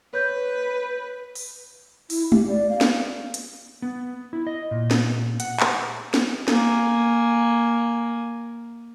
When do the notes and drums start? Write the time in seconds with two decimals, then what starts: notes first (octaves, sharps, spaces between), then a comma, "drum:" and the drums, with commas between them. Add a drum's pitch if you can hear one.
0.14 B4 C#5 G6
1.35 drum: open hi-hat
2.10 E4, drum: open hi-hat
2.32 G4, drum: tom G#3
2.48 D5
2.69 F5
2.81 drum: snare
3.34 drum: hi-hat
3.82 B3
4.33 E4
4.47 D#5
4.71 A#2
4.91 drum: snare
5.40 F#5, drum: hi-hat
5.60 drum: clap
6.14 drum: snare
6.48 A#3 G#5, drum: snare